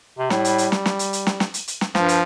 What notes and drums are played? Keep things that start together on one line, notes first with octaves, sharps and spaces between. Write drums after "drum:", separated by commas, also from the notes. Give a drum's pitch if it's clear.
C3
A2 G3, drum: snare
drum: hi-hat
drum: hi-hat
drum: snare
drum: snare
drum: hi-hat
drum: hi-hat
drum: snare
drum: snare
drum: hi-hat
drum: hi-hat
drum: snare
G2 F3, drum: snare
drum: hi-hat